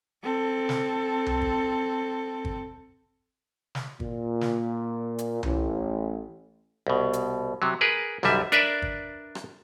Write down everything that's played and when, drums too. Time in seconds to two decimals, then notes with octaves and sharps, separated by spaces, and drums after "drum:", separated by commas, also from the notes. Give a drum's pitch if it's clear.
0.23 C4 A4
0.69 drum: snare
1.26 drum: tom C2
1.42 drum: kick
2.45 drum: kick
3.75 drum: snare
4.00 A#2, drum: kick
4.41 drum: snare
5.18 drum: hi-hat
5.43 A1, drum: tom C2
6.87 C2 B2
7.13 drum: hi-hat
7.62 C3 F#3
7.81 G#4 A#4 B4
8.23 B1 F#2 D3 G3 E5, drum: snare
8.52 D4 A#4 B4 D5 E5, drum: hi-hat
8.82 drum: kick
9.35 drum: rim click